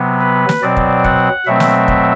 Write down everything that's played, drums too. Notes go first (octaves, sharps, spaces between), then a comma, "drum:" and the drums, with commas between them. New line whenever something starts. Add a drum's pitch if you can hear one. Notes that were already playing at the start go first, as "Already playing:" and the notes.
Already playing: C3 F#3 B3
B4
drum: snare
B2 F#3 C4 D5
drum: kick
F#5, drum: kick
B2 F#3 A3 C4 E5
drum: snare
drum: kick